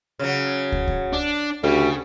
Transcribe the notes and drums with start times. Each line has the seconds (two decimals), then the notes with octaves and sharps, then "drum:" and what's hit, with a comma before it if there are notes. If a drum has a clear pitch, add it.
0.19 C#3 F#3
0.72 drum: kick
0.87 drum: kick
1.13 D4
1.63 D2 C#3 G3